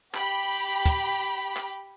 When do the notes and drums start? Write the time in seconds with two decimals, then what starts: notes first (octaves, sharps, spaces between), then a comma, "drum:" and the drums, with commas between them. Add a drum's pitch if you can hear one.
0.14 G4 G5 B5, drum: clap
0.86 drum: kick, hi-hat
1.57 drum: clap